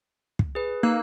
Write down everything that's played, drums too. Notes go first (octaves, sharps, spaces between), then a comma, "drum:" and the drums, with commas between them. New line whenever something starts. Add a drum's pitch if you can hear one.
drum: kick
G#4 B4
A#3 D#4 E6 F#6